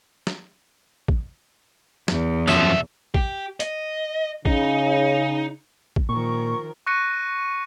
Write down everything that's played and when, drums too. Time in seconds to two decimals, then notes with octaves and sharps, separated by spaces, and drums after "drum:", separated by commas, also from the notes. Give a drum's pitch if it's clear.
0.27 drum: snare
1.08 drum: kick A1
2.08 E2, drum: snare
2.47 F#2 B2 F3 E5, drum: tambourine
3.14 G4, drum: kick A1
3.60 D#5, drum: hi-hat
4.45 C#3 D#4, drum: kick A1
5.96 drum: kick A1
6.09 A#2 D#3 F3 A#4 C#6
6.86 C#6 F#6 A#6 C#7 D#7